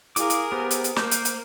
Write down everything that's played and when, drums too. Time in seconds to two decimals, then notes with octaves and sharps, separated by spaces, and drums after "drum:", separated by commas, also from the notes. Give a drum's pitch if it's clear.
0.16 E4 G#4 A#4 F5 D6, drum: hi-hat
0.30 drum: hi-hat
0.52 B3 G4 C5
0.71 drum: hi-hat
0.84 drum: hi-hat
0.96 A#3 D6 G6, drum: snare
1.11 drum: hi-hat
1.25 drum: hi-hat